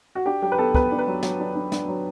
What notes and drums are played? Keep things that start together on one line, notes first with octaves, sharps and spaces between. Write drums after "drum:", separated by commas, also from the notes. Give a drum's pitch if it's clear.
F#4
D4 G4
F#3 G4
B4
B3 A4
B3 B4, drum: kick
D4
B4
F#3
F#3, drum: snare
D4
D4
D4, drum: snare
F#3